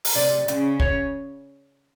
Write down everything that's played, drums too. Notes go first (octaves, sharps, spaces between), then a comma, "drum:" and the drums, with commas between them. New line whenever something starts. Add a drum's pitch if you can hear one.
drum: open hi-hat
C3 D5
C#3, drum: hi-hat
C#5, drum: kick